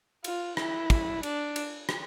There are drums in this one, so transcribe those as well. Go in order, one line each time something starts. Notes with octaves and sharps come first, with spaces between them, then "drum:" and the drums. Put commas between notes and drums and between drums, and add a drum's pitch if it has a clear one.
F4, drum: cymbal
E4, drum: rim click
drum: kick, cymbal
D4, drum: cymbal
drum: cymbal
drum: rim click